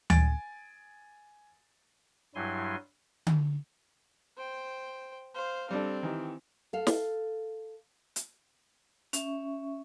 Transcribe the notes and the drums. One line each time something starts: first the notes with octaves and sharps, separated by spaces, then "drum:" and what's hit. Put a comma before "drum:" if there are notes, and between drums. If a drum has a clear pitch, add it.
G#5 A6 D7, drum: tom D2
G2 F#3 G3 E4 G#5 C6
drum: tom D3
C5 G5
C5 F5
G3 C4 D4 A4
D#3 E3 G4
A4 F5
drum: snare
drum: hi-hat
C#4 E5 C#6, drum: hi-hat